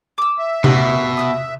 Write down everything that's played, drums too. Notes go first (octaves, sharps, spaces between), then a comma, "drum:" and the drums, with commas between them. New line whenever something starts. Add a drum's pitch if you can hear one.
D6 E6
E5
B2, drum: tom C3
D#6 E6 F#6